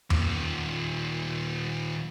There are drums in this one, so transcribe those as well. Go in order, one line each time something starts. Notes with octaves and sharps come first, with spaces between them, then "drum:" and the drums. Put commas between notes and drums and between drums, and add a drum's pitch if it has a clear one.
D#2 A#2, drum: tom E2